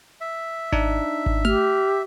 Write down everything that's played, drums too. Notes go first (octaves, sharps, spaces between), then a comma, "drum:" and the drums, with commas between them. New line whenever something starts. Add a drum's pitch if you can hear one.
E5
D4 D#4, drum: kick G#1
drum: kick G#1
G4 F6, drum: tom A3